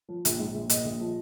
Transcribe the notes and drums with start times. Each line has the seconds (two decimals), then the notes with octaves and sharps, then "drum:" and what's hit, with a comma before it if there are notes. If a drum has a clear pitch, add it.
0.09 F3
0.25 A#1, drum: hi-hat
0.39 G#2
0.54 A#1
0.70 A#2 D#5, drum: hi-hat
0.85 A#1
1.00 F3